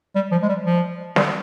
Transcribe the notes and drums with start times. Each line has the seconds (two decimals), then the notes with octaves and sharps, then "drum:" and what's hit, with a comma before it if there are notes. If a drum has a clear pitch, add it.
0.15 G3
0.32 F3
0.42 G#3
0.49 G3
0.66 F3
1.16 G3, drum: snare